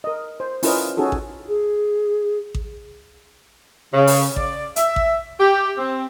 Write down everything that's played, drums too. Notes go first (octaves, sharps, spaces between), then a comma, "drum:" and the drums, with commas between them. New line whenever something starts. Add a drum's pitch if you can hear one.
A#4 D#5
C5
C#4 E4 F4 A#4 B4 D#5, drum: open hi-hat
C#4 D#4 F#4 G#4 A4
drum: kick A1
G#4
drum: kick A1
C#3
drum: open hi-hat
D5, drum: kick A1
E5, drum: hi-hat
drum: kick A1
G4
C4